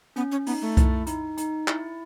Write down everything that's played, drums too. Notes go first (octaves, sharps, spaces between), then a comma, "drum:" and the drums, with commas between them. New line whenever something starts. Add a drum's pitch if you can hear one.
B3 C#4
C#4
B3 D#4, drum: open hi-hat
A3
E4, drum: kick C2, hi-hat
D#4, drum: hi-hat
D#4, drum: hi-hat
E4, drum: clap